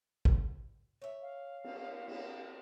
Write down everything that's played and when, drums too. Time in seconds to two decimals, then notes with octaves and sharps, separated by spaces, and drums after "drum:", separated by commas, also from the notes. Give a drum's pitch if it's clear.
0.25 drum: kick G#1
1.02 C#5 E5
1.22 F5
1.64 drum: cymbal
2.08 drum: cymbal